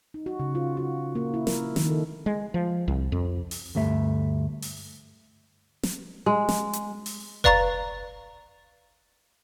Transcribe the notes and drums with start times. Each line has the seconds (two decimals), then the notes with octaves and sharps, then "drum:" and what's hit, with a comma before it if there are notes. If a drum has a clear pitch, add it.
0.14 D#4
0.26 F#4
0.40 C#3
0.55 F4
0.77 F#4
1.15 A#3
1.34 E4
1.47 A#4, drum: snare
1.76 D#3, drum: snare
1.90 A4
2.26 G#3
2.54 F3
2.88 C2
3.12 F2
3.51 drum: open hi-hat
3.75 D2 G2 A3 E5
4.62 drum: open hi-hat
5.83 drum: snare
6.26 G#3
6.49 drum: snare
6.73 drum: hi-hat
7.06 drum: open hi-hat
7.44 B4 D5 F5 A#5 C#6 A6, drum: kick F1